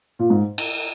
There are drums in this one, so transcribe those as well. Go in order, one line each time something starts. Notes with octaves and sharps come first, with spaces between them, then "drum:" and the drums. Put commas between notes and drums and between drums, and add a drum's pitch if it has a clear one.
A#2
G#2
drum: cymbal